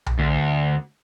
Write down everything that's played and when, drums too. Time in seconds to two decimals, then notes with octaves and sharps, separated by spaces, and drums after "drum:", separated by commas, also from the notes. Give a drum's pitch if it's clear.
0.06 drum: tom B1
0.19 D2